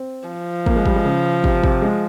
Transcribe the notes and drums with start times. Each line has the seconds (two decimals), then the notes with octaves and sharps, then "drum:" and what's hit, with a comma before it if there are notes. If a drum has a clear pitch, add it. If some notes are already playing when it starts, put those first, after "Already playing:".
Already playing: C4
0.28 F3
0.66 A#3, drum: kick
0.76 G#3
0.86 G3, drum: kick
0.96 G#3
1.05 C#3
1.44 C3, drum: kick
1.63 C3, drum: kick
1.82 G#3